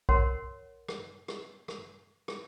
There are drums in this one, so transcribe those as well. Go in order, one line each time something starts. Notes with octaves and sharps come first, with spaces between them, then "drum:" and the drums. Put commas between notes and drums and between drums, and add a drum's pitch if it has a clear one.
A#4 C#5 F#5 C6, drum: kick B1
drum: rim click
drum: rim click
drum: rim click
drum: rim click